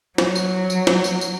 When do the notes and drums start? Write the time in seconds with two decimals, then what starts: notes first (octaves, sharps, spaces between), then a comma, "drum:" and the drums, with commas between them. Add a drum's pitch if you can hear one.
0.18 F#3, drum: snare
0.35 drum: tambourine
0.70 drum: tambourine
0.87 drum: snare
1.04 drum: tambourine
1.21 drum: tambourine